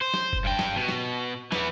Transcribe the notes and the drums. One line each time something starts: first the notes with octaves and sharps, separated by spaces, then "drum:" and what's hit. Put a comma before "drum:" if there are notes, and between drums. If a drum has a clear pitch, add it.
C5
drum: snare
drum: kick F1
G2 G5
drum: snare
B2
drum: snare
E3 B3, drum: snare